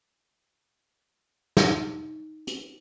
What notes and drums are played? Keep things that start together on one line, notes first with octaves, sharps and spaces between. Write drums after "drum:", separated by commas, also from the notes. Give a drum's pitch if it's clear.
D#4, drum: snare
drum: hi-hat